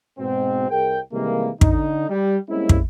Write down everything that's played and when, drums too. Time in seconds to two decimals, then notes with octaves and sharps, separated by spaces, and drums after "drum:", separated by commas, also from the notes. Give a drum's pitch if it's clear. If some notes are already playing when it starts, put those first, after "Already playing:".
0.19 G#2 B2 C4
0.70 C2 G#4 A#4 G5
1.13 C3 D#3 E3 G3 G#3 A#3
1.61 D3 D#4, drum: kick
2.10 G3
2.50 G3 G#3 A#3 C4 C#4 E4
2.69 drum: kick